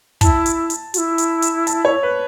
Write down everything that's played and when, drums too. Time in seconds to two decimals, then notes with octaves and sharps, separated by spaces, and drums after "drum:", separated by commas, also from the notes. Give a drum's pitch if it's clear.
0.21 E4 A5, drum: kick, hi-hat
0.46 drum: hi-hat
0.70 drum: hi-hat
0.94 F#4, drum: hi-hat
0.98 E4
1.18 drum: hi-hat
1.42 drum: hi-hat
1.67 A5, drum: hi-hat
1.85 C#5
2.03 B4